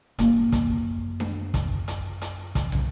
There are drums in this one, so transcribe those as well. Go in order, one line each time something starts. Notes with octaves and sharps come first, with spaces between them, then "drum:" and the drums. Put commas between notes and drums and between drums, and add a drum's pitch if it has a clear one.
F#2 A#3, drum: hi-hat
drum: kick, hi-hat
drum: snare D4
drum: kick, hi-hat
drum: hi-hat
drum: hi-hat
drum: kick, hi-hat
drum: tom